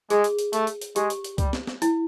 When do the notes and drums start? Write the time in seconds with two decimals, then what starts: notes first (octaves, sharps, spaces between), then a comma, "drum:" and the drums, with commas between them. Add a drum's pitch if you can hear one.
0.10 G#3 G#4, drum: hi-hat
0.24 drum: hi-hat
0.39 drum: hi-hat
0.53 A3, drum: hi-hat
0.67 drum: hi-hat
0.81 drum: hi-hat
0.96 G#3 G4, drum: hi-hat
1.10 drum: hi-hat
1.24 drum: hi-hat
1.38 G3, drum: kick C2, hi-hat
1.53 drum: snare
1.67 drum: snare
1.82 E4, drum: hi-hat